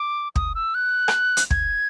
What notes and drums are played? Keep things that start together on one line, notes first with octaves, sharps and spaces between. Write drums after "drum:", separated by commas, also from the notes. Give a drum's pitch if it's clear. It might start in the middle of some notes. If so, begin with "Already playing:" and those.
Already playing: D6
D#6, drum: kick
E6
F#6
drum: rim click
drum: hi-hat
G#6, drum: kick